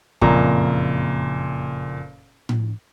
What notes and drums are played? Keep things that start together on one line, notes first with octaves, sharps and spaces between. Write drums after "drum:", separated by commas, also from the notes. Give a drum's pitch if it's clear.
F#1 F2 A#2 A#5, drum: kick
drum: tom A2